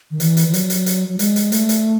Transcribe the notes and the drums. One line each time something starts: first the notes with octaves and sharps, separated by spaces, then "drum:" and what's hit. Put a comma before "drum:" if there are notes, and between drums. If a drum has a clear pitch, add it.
D#3
E3, drum: hi-hat
drum: hi-hat
E3
F#3, drum: hi-hat
drum: hi-hat
drum: hi-hat
F#3
G#3, drum: hi-hat
drum: hi-hat
A3, drum: hi-hat
drum: hi-hat